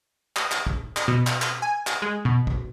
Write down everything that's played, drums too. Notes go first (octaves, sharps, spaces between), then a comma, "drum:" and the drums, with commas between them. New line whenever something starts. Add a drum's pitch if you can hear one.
drum: clap
drum: clap
drum: kick
drum: clap
B2
drum: clap
drum: clap
G#5
drum: clap
G#3
B2
drum: kick